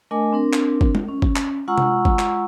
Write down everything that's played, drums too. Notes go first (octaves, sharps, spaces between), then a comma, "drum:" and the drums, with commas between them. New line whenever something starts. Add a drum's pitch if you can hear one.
A3 D4 A#4 D#5 G#5 D6
C4 D4 A#4
drum: clap
drum: kick
drum: tom G#3
C#4
drum: kick
drum: clap
G#3 F4 F#5 A#5 C#6 E6
drum: tom C3
drum: kick
drum: clap